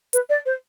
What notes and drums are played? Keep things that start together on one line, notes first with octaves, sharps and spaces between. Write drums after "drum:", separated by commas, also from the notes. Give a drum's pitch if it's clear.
B4, drum: hi-hat
D5
C5